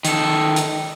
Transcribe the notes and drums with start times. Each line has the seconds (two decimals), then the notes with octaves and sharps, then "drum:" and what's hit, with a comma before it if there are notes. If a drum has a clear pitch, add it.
0.05 D#3 A4, drum: hi-hat
0.56 drum: hi-hat